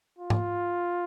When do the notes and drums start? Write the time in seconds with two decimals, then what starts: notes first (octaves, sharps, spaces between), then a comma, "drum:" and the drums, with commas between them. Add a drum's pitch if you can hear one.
0.18 F4
0.30 drum: tom G#2